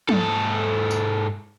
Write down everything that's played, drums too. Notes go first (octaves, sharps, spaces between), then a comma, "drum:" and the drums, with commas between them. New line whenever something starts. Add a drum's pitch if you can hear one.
G#2 A4, drum: tom
drum: tambourine